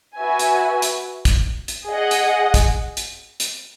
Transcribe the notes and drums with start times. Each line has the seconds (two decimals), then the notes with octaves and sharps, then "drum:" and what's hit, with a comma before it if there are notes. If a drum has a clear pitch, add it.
0.18 F#4 B4 E5 G#5
0.39 drum: hi-hat
0.82 drum: hi-hat
1.25 drum: kick, hi-hat
1.68 drum: hi-hat
1.90 G#4 D#5 F#5
2.11 drum: hi-hat
2.54 drum: kick, hi-hat
2.97 drum: hi-hat
3.40 drum: hi-hat